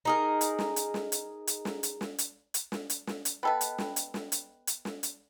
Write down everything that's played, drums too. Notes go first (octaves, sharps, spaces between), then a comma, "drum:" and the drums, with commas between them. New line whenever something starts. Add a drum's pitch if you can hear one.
D#4 G#4 A#4
drum: hi-hat
drum: snare
drum: hi-hat
drum: snare
drum: hi-hat
drum: hi-hat
drum: snare
drum: hi-hat
drum: snare
drum: hi-hat
drum: hi-hat
drum: snare
drum: hi-hat
drum: snare
drum: hi-hat
B3 A4 B4 D#5 G5 B5
drum: hi-hat
drum: snare
drum: hi-hat
drum: snare
drum: hi-hat
drum: hi-hat
drum: snare
drum: hi-hat